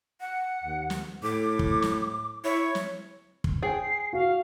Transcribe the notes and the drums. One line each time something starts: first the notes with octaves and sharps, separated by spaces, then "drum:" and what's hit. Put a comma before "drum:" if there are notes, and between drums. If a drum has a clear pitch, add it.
F#5
D#2
drum: snare
A2 D6
drum: kick
drum: snare
E4 C#5
drum: snare
drum: kick
G#4 G5 C7
F#4 F5